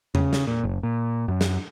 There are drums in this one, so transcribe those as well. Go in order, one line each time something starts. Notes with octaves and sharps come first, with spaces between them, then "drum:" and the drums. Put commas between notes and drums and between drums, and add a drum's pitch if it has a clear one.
C#3, drum: tom E2
drum: snare
A#2
F#1
A#2
F#2
drum: snare